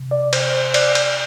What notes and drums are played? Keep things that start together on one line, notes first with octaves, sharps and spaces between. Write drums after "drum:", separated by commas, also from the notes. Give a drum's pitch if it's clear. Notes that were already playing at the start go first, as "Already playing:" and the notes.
Already playing: C3
D5
C5, drum: cymbal
D5, drum: cymbal
drum: cymbal